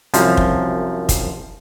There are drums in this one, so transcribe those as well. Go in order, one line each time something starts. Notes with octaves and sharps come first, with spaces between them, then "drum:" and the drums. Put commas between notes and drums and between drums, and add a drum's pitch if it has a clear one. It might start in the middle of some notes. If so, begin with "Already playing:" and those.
C2 F#2 F3, drum: hi-hat
drum: kick
drum: kick, hi-hat